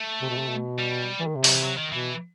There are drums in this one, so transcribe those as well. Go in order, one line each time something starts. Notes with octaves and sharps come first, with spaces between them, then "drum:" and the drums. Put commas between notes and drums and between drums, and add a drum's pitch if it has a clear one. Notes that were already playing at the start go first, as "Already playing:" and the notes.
Already playing: A3
C3
B2
C3
B2
G3
E3
D#3
C3
F#3, drum: open hi-hat
E3
F#3
D#3
B2 E3